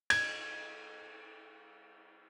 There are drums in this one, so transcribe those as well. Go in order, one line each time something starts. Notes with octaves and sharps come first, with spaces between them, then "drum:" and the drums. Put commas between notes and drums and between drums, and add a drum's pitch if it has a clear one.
G#6, drum: cymbal